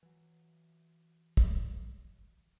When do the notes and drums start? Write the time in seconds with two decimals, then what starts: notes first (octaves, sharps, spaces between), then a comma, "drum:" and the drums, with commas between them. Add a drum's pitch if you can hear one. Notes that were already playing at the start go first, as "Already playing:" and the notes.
0.03 E3 F#3
1.37 drum: kick